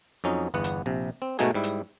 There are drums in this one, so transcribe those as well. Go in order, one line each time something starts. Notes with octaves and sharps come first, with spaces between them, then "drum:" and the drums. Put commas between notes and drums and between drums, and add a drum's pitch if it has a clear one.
F2 F#3 C#4 D#4
G1 E2 B3 F#5
drum: hi-hat
A#1 C3
C4
G#2 B2 A3 D#4 F#4 G#4, drum: hi-hat
G#2 G3 E4
drum: hi-hat